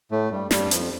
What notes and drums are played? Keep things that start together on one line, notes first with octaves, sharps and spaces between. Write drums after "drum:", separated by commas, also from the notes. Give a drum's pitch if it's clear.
A2 A3
G2 G3
G2 G3, drum: snare
F2 F3, drum: hi-hat